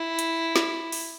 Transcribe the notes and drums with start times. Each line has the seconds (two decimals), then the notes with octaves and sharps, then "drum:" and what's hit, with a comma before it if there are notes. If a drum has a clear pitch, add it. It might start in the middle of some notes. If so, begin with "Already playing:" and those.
Already playing: E4
0.19 drum: hi-hat
0.56 drum: snare
0.92 drum: open hi-hat